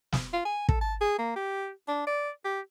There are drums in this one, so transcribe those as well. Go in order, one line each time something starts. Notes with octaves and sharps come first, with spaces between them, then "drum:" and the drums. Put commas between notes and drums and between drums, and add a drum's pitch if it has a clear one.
drum: snare
F4
G#5
A4, drum: kick
A5
G#4
A#3
G4
D4
D5
G4